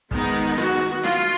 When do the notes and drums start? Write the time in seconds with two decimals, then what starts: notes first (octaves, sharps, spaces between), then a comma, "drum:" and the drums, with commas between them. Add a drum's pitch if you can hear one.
0.11 D#3 G#3 B3 D#4, drum: kick
0.58 F#4, drum: rim click
1.05 F4, drum: rim click